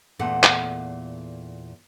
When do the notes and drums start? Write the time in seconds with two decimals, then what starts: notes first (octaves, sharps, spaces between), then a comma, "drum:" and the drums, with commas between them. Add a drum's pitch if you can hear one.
0.19 E2 A#2 A3 A4 F#5
0.43 drum: clap